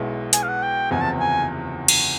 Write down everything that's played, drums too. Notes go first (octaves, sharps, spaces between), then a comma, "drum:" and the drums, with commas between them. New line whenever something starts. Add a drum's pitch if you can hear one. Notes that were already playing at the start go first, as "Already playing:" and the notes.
Already playing: B1 B2 G#3 B3 E4
G#5, drum: hi-hat
F5
F#5
G5
F#1 E2 C3 F3 G#5
A5
G#5
drum: cymbal